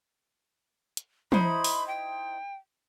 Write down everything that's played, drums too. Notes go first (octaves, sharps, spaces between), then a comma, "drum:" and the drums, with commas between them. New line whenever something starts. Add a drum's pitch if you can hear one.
drum: hi-hat
D#4 E4 C5 B5, drum: tom
drum: open hi-hat
G5